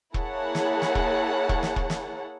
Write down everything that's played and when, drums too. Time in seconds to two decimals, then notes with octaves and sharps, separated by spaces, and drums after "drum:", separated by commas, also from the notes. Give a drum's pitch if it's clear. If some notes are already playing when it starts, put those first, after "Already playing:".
0.14 A#3 E4 G#4 C#5 F#5 A5, drum: kick E1
0.55 drum: snare
0.82 drum: snare
0.95 drum: kick E1
1.49 drum: kick E1
1.63 drum: snare
1.76 drum: kick E1
1.90 drum: snare